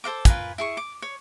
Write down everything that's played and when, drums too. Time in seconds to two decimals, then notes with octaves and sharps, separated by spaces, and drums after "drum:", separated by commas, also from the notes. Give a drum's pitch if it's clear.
0.04 A4 C5 F5 D6
0.25 F4 A#4 B4 G#5, drum: kick, hi-hat
0.58 E4 G#4 C#6
0.77 D6
1.02 C#5